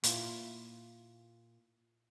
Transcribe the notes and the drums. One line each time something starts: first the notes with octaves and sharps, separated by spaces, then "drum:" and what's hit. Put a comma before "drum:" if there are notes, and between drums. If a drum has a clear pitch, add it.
A#2 E4 F4, drum: hi-hat